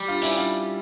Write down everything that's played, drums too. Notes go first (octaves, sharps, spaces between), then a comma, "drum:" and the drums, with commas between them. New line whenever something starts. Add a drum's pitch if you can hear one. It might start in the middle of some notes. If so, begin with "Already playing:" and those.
Already playing: G3
D4 F4
C#4 E4, drum: open hi-hat
D4 F4